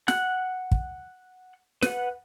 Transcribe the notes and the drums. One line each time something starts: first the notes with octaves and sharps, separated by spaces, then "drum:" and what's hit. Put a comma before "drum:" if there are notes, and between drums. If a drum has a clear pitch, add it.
F#5 F#6, drum: snare
drum: kick
B4 F#5, drum: snare